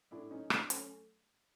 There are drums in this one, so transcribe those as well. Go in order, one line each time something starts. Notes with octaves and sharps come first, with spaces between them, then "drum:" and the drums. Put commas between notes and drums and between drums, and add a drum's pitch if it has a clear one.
A2 D4 E4
F#3 C#4 D#4
F#3 C4 D4, drum: rim click
A3 C#4, drum: hi-hat